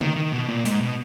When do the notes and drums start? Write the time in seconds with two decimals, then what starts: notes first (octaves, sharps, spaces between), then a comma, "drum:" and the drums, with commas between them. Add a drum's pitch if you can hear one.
0.01 D#3, drum: tom C#3
0.16 D#3
0.33 B2
0.49 A#2
0.65 G#2, drum: hi-hat
0.81 B2